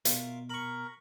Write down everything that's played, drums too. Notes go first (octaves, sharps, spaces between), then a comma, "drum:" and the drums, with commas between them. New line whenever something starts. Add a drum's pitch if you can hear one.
B2 F4 A#4 E5, drum: hi-hat
A#4 B5 C#6